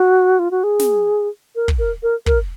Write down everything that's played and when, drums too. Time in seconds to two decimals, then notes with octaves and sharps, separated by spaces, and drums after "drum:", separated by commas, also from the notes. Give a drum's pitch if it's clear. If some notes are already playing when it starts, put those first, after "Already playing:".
Already playing: F#4
0.39 F4
0.51 F#4
0.64 G#4
0.79 drum: snare
1.55 A#4
1.68 drum: kick
1.79 A#4
2.03 A#4
2.26 A#4, drum: kick